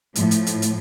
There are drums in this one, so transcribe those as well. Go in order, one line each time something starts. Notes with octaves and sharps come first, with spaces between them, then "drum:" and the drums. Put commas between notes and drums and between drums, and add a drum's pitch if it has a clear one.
A2 F3, drum: hi-hat
drum: hi-hat
drum: hi-hat
drum: hi-hat